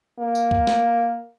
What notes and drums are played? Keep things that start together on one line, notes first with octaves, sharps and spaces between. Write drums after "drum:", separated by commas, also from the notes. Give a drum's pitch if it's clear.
A#3
drum: tambourine
drum: kick
drum: snare